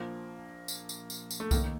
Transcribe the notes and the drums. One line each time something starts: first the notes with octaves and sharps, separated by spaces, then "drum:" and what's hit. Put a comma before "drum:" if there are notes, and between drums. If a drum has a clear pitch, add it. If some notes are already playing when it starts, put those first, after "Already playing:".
Already playing: A#1 A#2 F3 A#3
drum: tambourine
drum: tambourine
drum: tambourine
drum: tambourine
A3
D#2 D#3 A#3, drum: kick C2, tambourine